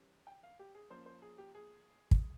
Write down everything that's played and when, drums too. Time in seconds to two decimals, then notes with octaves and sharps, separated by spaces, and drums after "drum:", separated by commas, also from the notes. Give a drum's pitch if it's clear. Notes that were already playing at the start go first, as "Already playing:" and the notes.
Already playing: E3 G3 C#4
0.27 G5
0.43 F5
0.59 G4
0.75 G#4
0.90 F3 A#3 C#4 C5
1.06 C5
1.22 G#4
1.38 G4
1.55 G#4
2.11 drum: kick